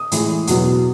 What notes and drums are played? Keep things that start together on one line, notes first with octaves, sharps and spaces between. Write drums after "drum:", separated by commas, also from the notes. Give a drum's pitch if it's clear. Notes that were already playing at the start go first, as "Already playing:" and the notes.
Already playing: D#6
A2 E3 G#3, drum: hi-hat
E2 B2 F#3 B3, drum: hi-hat